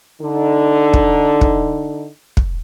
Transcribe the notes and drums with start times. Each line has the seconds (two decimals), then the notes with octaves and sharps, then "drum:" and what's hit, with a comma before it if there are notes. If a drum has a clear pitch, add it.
0.22 D3 D#4
0.94 drum: kick
1.41 drum: kick
2.37 drum: kick